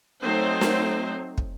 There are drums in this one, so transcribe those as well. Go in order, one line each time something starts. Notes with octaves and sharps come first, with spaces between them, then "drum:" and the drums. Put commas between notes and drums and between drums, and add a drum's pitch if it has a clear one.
F#3 A3 C4 D#4 C5
drum: snare
drum: kick